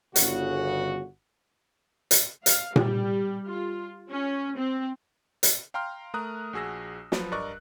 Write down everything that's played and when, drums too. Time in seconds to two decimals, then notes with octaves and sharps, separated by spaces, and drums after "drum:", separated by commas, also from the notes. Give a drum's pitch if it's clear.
0.16 G1 C#3 F#4, drum: hi-hat
2.11 drum: hi-hat
2.46 F5, drum: hi-hat
2.76 G3, drum: tom A#2
3.47 F4
4.11 C#4
4.57 C4
5.43 drum: hi-hat
5.74 F5 G5 A#5 C6 F6
6.14 A3 A#4 A#5 D#6 F#6
6.53 A#1 F#4 G#4 E6 A#6
7.12 F3 F#3 B4, drum: snare
7.32 G2 A#4 D5 D#5 C#6 F#6